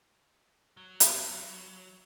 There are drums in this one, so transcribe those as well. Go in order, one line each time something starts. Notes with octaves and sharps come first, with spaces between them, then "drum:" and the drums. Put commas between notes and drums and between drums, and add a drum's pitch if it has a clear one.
F#3
drum: hi-hat